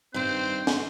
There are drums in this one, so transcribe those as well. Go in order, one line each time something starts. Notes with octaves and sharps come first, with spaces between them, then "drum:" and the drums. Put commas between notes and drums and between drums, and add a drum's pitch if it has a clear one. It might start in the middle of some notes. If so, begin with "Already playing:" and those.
G2 D#3 C4 C5
drum: snare